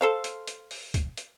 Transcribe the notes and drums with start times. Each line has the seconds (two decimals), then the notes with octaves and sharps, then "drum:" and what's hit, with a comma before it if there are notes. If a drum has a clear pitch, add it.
0.01 A4 C5 F5
0.24 drum: hi-hat
0.47 drum: hi-hat
0.71 drum: open hi-hat
0.94 drum: kick, hi-hat
1.17 drum: hi-hat